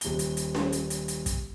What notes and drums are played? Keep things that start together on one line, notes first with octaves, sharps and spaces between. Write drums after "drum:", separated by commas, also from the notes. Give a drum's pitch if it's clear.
D#1 G7, drum: hi-hat
drum: hi-hat
drum: hi-hat
drum: snare C#4
drum: hi-hat
drum: hi-hat
drum: hi-hat
drum: kick, hi-hat